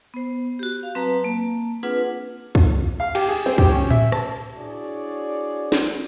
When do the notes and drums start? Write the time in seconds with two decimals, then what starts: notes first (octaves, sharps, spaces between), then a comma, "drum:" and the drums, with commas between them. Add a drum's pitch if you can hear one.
0.14 B3 C5
0.59 F#4 G4
0.83 F5
0.95 F#3 C4 B4 A5 A#5 C6
1.23 A#3 A5
1.83 C4 D4 F4 G#4 B4 F#5
2.55 drum: kick
3.00 F5
3.15 G4, drum: cymbal
3.28 G#4
3.46 C4
3.58 G4, drum: kick
3.71 C#4
3.90 E5, drum: tom A2
4.12 A5, drum: rim click
4.56 D4 E4 F#4 G#4 C#5 D5
5.72 drum: snare